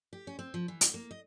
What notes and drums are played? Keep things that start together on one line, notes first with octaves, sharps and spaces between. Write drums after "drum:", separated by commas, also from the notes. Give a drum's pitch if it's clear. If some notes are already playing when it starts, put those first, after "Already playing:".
G4
C#4
C4
F3
E3
D2, drum: hi-hat
A#3
D#5